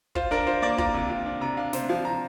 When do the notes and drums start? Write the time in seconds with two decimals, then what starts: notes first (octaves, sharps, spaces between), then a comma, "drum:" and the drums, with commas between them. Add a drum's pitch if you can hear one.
0.15 F4 C5, drum: kick
0.31 D4 A#4
0.47 F4 C5
0.62 A#3 D5
0.78 F4 A#5, drum: kick
0.94 C3
1.10 F4
1.26 D4
1.41 C3 A#5
1.57 D4 F5
1.73 C3 C5, drum: snare
1.89 F3 F5
2.05 A#5